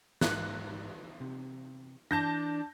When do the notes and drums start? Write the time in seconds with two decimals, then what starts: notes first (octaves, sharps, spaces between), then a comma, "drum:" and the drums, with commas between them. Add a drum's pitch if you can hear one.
0.21 G#2 D#4 A#4 F#6, drum: snare
1.20 C3
2.11 E3 D4 A5 G6 A#6